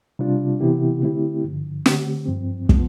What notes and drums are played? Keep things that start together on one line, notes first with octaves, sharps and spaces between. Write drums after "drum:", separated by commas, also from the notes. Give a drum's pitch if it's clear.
C3 G3 D4 F4
C3 E3 B3 E4 G4
D3 A3 C4 E4 G4
G2 D3 F3
D3 A3 C4 G4, drum: snare
G2 F3 C4
F3 B3, drum: kick